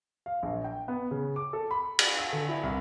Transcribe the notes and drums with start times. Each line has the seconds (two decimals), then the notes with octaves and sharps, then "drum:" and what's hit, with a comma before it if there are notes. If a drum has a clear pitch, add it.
0.26 F5
0.43 A#1
0.64 G5
0.88 B3
1.11 C#3
1.36 D6
1.53 A4
1.71 B5
1.99 drum: cymbal
2.18 E6
2.32 D3
2.49 E4
2.63 C2